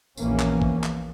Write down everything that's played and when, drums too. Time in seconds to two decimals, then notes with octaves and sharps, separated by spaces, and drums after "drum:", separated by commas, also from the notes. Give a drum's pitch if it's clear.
0.17 A#1 E2 E3 A#3 C#4, drum: tambourine
0.40 drum: clap
0.62 drum: kick
0.84 drum: clap